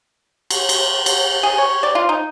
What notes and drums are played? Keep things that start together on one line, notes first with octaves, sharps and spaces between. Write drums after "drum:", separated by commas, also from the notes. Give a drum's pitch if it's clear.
drum: cymbal
drum: cymbal
drum: cymbal
G#4
C#5
D5
F4
D#4